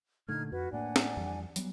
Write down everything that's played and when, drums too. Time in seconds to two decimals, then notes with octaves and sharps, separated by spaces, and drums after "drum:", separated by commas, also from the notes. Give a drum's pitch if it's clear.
0.29 A#2 D3 A3 D#4 F6 G#6
0.52 F2 F#4 B4
0.73 A2 A#3 D4 F#5 G#5
0.96 drum: snare
1.17 F2 E3 G3
1.56 F#3 G3 B3, drum: hi-hat